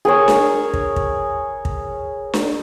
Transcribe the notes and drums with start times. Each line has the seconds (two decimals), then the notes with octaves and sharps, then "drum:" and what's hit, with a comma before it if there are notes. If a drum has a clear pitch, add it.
0.05 G#4 A#4 C#5
0.28 drum: snare D4
0.74 drum: kick
0.96 drum: kick
1.65 drum: kick
2.34 drum: snare D4